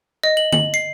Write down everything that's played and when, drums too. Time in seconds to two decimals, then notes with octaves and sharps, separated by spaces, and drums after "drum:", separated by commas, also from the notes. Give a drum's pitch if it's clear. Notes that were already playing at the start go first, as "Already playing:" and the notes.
0.24 D#5
0.37 F#7
0.53 F#7, drum: tom D3
0.74 C7